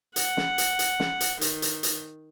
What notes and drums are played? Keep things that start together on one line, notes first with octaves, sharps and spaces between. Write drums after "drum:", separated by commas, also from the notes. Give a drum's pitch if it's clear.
F#5, drum: hi-hat
drum: snare
drum: hi-hat
drum: hi-hat
drum: snare
drum: hi-hat
D#3, drum: hi-hat
drum: hi-hat
drum: hi-hat